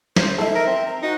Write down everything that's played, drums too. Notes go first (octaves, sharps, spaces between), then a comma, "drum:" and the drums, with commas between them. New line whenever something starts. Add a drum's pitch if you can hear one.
C5, drum: snare
D#4 E4 A4 E5
A#4
C4
A#5
D#4 F#4